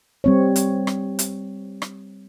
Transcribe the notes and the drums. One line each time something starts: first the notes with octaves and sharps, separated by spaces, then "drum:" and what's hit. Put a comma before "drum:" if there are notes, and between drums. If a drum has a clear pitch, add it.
G3 C4 C#5
drum: hi-hat
drum: rim click
drum: hi-hat
drum: rim click